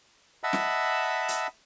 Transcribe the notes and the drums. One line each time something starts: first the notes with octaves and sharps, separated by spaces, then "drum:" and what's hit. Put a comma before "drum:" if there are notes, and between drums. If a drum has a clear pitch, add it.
D#5 E5 F#5 A5 B5 E6
drum: snare
drum: hi-hat